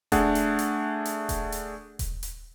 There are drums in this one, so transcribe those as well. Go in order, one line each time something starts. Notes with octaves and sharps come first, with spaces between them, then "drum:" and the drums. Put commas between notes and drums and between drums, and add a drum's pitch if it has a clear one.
A3 D4 G#4 F#5, drum: kick D#1, hi-hat
drum: hi-hat
drum: hi-hat
drum: hi-hat
drum: kick D#1, hi-hat
drum: hi-hat
drum: kick D#1, hi-hat
drum: hi-hat